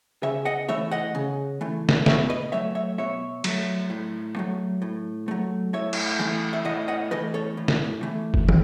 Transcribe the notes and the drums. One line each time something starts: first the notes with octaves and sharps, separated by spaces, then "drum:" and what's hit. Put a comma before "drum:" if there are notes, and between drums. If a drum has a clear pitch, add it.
C#3 C#5 E5
D#5 F#5
E3 A3 C#5 E5
D#5 F#5
C#3
E3 A3
drum: snare
B2 C#5 E5, drum: snare
B4 D#5
F#3 A3 C#5 E5
C#5 E5
B2 C#5 E5
F#3 A3, drum: cymbal
A2
F#3 A3
A2
F#3 A3
A2 C#5 E5
drum: cymbal
E3 A3
E5
A2 D#5 F#5
D#5 F#5
E3 A3 B4 D#5
A4 C#5
A2
drum: snare
E3 A3
drum: kick F#1
A2, drum: tom